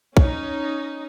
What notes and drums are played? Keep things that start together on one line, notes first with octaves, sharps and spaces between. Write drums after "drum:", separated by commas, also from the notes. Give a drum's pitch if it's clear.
C#4 D#4, drum: kick